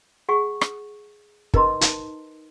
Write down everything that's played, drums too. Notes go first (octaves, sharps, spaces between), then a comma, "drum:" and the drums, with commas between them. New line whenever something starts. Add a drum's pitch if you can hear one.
G#4 F#5 C#6
drum: rim click
D#4 A#4 B4 D#5 A#5 C6, drum: kick
D#4, drum: hi-hat